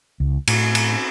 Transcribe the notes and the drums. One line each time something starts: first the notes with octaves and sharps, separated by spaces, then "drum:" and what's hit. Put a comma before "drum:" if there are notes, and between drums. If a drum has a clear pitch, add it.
C#2
A2, drum: cymbal
drum: cymbal